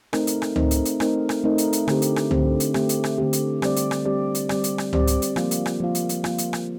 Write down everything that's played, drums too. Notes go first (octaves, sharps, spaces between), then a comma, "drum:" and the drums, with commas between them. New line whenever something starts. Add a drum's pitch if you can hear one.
A3 C4 D#4 A#4, drum: rim click
drum: hi-hat
drum: rim click
A3 C4 D#4 A#4, drum: tom C#2
drum: hi-hat
drum: hi-hat
A3 C4 D#4 A#4, drum: rim click
drum: rim click
A3 C4 D#4 A#4
drum: hi-hat
drum: hi-hat
D3 A3 C4 G4, drum: rim click
drum: hi-hat
drum: rim click
D3 A3 C4 G4, drum: tom C#2
drum: hi-hat
D3 A3 C4 G4, drum: rim click
drum: hi-hat
drum: rim click
D3 A3 C4 G4
drum: hi-hat
G3 C4 G4 D5, drum: rim click
drum: hi-hat
drum: rim click
G3 C4 G4 D5
drum: hi-hat
G3 C4 G4 D5, drum: rim click
drum: hi-hat
drum: rim click
G3 C4 G4 D5, drum: tom C#2
drum: hi-hat
drum: hi-hat
F3 A#3 F4, drum: rim click
drum: hi-hat
drum: rim click
F3 A#3 F4
drum: hi-hat
drum: hi-hat
F3 A#3 F4, drum: rim click
drum: hi-hat
drum: rim click